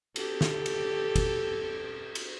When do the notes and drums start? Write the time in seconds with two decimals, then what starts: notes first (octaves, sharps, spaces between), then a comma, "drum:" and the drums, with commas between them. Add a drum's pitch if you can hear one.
0.16 G4 A4, drum: cymbal
0.41 drum: snare
0.66 drum: cymbal
1.16 drum: kick F#1, cymbal
2.15 drum: cymbal